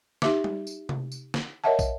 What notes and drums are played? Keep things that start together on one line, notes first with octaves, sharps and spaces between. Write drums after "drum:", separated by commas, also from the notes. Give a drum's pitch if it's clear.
D#4 G4 E5 D6, drum: snare
drum: tom G3
drum: tambourine
drum: tom C3
drum: tambourine
drum: snare
A#4 C#5 D#5 E5 F#5 A5
drum: kick, tambourine